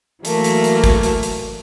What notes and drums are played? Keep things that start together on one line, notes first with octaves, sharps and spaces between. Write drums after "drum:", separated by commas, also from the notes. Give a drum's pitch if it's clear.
E3 F#3 A3 A#3, drum: hi-hat
drum: hi-hat
drum: hi-hat
drum: kick, hi-hat
drum: hi-hat
drum: hi-hat